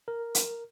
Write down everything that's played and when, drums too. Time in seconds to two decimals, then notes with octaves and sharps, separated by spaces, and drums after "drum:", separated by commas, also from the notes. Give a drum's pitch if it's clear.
0.08 A#4
0.35 drum: hi-hat